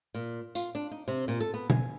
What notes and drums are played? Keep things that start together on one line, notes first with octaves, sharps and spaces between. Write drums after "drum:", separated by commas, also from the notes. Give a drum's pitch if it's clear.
A#2
F4, drum: tambourine
D4
D#4
C3
A#2
A4
B3
G#5, drum: tom B2